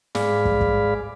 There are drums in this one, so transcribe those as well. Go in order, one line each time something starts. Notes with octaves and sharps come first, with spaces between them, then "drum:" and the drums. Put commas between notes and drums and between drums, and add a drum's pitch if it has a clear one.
G#2 G#4 D5 F5 B5, drum: snare
drum: kick
drum: kick